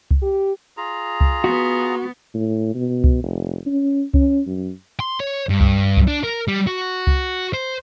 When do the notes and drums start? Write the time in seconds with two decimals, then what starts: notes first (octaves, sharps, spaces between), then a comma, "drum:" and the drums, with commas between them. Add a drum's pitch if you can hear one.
0.11 drum: kick C2
0.22 G4
0.77 F4 G#4 A#5
1.21 drum: kick C2
1.44 B3 F#4
2.34 A2
2.75 B2
3.04 drum: kick C2
3.23 F1
3.67 C#4
4.14 C#4, drum: kick C2
4.46 F#2
5.00 C6
5.20 C#5
5.49 G2
5.60 drum: kick C2
5.97 drum: kick C2
6.08 D4
6.24 A#4
6.48 G3
6.67 F#4
7.07 drum: kick C2
7.53 C5